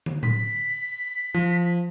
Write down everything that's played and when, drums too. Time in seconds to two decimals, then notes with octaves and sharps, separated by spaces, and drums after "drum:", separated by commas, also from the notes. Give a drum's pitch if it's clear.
0.06 drum: tom
0.23 B6, drum: tom A2
1.34 F3